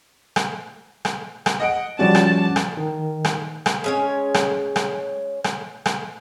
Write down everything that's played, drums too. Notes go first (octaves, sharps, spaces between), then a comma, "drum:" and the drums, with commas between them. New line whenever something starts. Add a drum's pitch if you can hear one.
drum: rim click
drum: rim click
drum: rim click
D#5 F#5 D7
F3 G3 C#4 F#4 D5 A5
drum: rim click
drum: rim click
D#3
drum: rim click
drum: rim click
G#3 C#4 C#5
drum: rim click
drum: rim click
drum: rim click
drum: rim click